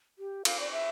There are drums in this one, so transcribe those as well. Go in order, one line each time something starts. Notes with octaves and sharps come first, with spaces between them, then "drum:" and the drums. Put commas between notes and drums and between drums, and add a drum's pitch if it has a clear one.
G4
F5, drum: cymbal
D5
E5